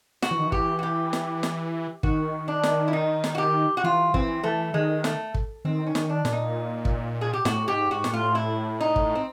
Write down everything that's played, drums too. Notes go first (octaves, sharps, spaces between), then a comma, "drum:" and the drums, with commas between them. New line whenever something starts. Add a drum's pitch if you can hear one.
F#4, drum: snare
E3
D#3
E3
G4, drum: kick
F#4
G4
drum: snare
drum: snare
D#3 F#4, drum: kick
D4
drum: snare
E4
D#4
drum: snare
F#4
G4
F#4
E3 F4
E3 C4, drum: kick
E3 A3
D#3 G#3
A3, drum: snare
drum: kick
D#3 C4
C#4
D#3, drum: snare
D4
A#2, drum: snare
D#4
drum: kick
G#4
G4
A2 F#4, drum: snare
G#2 G4
G#2 F#4
A#2, drum: snare
A2 F4
E4
D#4
drum: kick
C4